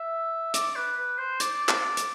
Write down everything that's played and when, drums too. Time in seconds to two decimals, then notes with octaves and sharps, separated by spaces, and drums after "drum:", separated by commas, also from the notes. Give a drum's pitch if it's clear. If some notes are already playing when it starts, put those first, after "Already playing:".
Already playing: E5
0.54 D5, drum: hi-hat
0.76 B4
0.97 B4
1.18 C5
1.40 D5, drum: hi-hat
1.69 drum: clap
1.97 drum: hi-hat